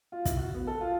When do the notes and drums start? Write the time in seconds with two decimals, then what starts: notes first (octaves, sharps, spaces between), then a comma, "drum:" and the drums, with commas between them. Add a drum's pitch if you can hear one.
0.12 F4
0.25 E4, drum: kick, hi-hat
0.37 F#4
0.54 B3
0.67 A4
0.81 F4